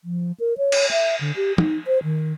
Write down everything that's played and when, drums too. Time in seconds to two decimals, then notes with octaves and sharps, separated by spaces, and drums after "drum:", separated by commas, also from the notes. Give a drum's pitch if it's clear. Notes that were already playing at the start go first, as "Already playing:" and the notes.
0.04 F3
0.40 A#4
0.58 C#5
0.72 drum: cymbal
0.91 E5
1.21 D3
1.36 G4
1.58 D#4, drum: tom
1.87 C5
2.03 D#3